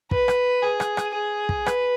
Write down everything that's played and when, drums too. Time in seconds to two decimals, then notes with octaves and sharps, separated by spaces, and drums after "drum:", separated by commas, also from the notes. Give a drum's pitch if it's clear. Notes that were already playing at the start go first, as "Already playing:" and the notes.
0.11 B4, drum: kick
0.28 drum: rim click
0.63 G#4
0.80 drum: rim click
0.97 drum: rim click
1.14 G#4
1.49 drum: kick
1.66 B4, drum: rim click